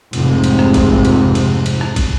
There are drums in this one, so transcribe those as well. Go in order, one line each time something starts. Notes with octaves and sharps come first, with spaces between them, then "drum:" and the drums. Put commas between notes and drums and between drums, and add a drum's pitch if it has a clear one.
F1 G#2 C3, drum: cymbal
drum: cymbal
drum: rim click
drum: kick, cymbal
drum: cymbal
drum: cymbal
drum: cymbal
drum: rim click
drum: kick, cymbal